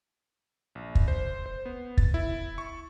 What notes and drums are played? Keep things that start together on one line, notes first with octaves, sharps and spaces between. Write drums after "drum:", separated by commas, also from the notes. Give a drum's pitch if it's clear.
A#1
drum: kick
C5
C5
B3
A6, drum: kick
E4
C#6